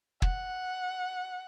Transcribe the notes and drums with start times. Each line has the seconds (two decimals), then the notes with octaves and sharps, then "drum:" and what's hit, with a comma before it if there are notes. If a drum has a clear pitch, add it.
0.22 F#5, drum: kick